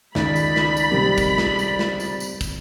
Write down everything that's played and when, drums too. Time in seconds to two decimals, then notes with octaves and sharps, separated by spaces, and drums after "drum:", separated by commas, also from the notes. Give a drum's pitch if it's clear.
0.15 C#2 D#3 D5 B5, drum: snare
0.36 drum: tambourine
0.56 drum: snare
0.77 drum: tambourine
0.91 C3 G3 A#4 D5
1.18 drum: kick, tambourine
1.38 drum: snare
1.59 drum: tambourine
1.79 drum: snare
2.00 drum: tambourine
2.20 drum: tambourine
2.41 drum: kick, tambourine